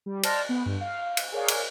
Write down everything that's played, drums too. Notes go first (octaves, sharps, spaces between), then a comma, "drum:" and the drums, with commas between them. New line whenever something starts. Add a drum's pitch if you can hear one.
G3
C5 D5 A5 F6 A6 A#6, drum: cymbal
B3
G2
F5
drum: cymbal
G#4 A#4 C#5 D5 F5
drum: cymbal